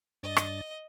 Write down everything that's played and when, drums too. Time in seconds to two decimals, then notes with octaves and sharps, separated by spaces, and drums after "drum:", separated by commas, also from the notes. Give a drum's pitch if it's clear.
0.23 G2 D4 D#5 A6
0.37 drum: rim click